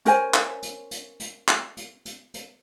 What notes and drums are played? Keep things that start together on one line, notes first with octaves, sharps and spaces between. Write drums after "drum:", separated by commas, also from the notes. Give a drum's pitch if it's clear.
C#4 A#4 C5 G#5, drum: hi-hat
drum: clap
drum: hi-hat
drum: hi-hat
drum: hi-hat
drum: clap
drum: hi-hat
drum: hi-hat
drum: hi-hat